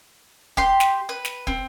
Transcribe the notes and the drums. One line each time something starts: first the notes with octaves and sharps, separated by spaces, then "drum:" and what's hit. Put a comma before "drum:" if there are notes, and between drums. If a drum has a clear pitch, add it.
G4 C6, drum: kick
drum: snare
B4
drum: snare
C4, drum: kick